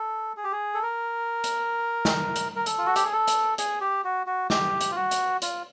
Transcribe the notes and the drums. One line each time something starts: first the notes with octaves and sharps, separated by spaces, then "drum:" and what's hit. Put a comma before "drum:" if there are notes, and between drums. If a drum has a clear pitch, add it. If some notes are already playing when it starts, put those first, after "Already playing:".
Already playing: A4
G#4
G4
G#4
A4
A#4
drum: hi-hat
drum: snare
drum: hi-hat
A#4
A4, drum: hi-hat
F4
F#4
G4, drum: hi-hat
G#4
A4
drum: hi-hat
G#4, drum: hi-hat
G4
F#4
F#4
G4, drum: snare
drum: hi-hat
F4
F#4
drum: hi-hat
F4, drum: hi-hat